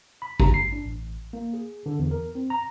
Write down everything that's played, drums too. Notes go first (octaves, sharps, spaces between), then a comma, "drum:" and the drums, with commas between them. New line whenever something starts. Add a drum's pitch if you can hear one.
B5
A#5, drum: kick G#1
C7
D4
A1
A#3
G#4
D3
E2
A#4
C4
A#5